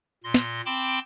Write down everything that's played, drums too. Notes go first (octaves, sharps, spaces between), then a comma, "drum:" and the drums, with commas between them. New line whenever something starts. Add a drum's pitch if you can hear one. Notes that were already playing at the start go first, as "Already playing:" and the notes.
A#2 C6 A#6
drum: snare
C4 G5 A5 B5 C6 D6